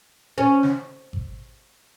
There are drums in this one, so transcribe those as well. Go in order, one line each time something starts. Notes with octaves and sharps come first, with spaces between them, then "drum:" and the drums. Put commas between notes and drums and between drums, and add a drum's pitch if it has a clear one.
C#4
drum: snare
drum: kick G#1